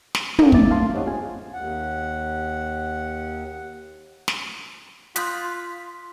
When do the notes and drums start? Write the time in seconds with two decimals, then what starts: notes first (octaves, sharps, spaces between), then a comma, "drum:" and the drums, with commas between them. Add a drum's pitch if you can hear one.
0.15 drum: snare
0.39 D4 D#4 A4 A#4 F5 F#5, drum: tom
0.52 D#3 F3 F#3 E5 D6 A6, drum: kick
0.71 F5 A5 C6
0.94 G4 C5 C#5 D#5 F#5
1.06 F4 G#4 F5 G#5
1.54 D#2 F#5
4.28 drum: snare
5.16 F4 C6 D#6 F#6 G6 B6, drum: hi-hat